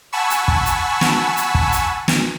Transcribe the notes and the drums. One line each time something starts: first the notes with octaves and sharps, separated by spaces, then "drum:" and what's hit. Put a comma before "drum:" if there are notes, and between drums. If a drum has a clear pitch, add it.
F#5 G#5 A5 B5 C#6 E6
drum: hi-hat
drum: kick
drum: hi-hat
drum: snare
drum: hi-hat
drum: kick
drum: hi-hat
drum: snare